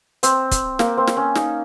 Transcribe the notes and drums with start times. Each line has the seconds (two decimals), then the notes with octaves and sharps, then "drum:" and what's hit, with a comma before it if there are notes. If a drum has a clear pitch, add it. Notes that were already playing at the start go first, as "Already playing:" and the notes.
0.23 C4, drum: hi-hat
0.51 drum: kick, hi-hat
0.79 A#3, drum: snare
0.97 C4
1.07 drum: snare
1.17 C#4
1.35 D#4, drum: snare